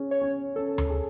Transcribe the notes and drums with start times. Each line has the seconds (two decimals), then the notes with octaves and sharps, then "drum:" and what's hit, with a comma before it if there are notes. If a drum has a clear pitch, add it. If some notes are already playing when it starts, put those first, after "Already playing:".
Already playing: C#4 G#4
0.11 C#5
0.21 C#4
0.56 C#4 A4
0.78 drum: tom D2
0.89 G#4